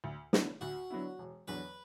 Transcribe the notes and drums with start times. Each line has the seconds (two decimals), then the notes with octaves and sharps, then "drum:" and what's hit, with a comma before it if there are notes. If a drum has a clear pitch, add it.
0.04 D2
0.33 D3 F#3 B3 E4, drum: snare
0.61 D2 F#4
0.90 D3 F#3 B3 E4
1.19 E1
1.48 E2 D3 F#3 B4